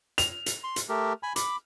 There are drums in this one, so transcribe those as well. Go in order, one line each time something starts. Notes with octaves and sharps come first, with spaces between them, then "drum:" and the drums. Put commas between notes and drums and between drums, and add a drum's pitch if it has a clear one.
F7, drum: hi-hat
drum: hi-hat
C6
drum: hi-hat
A3 G4 A#4
G#5 B5
B5 D6, drum: hi-hat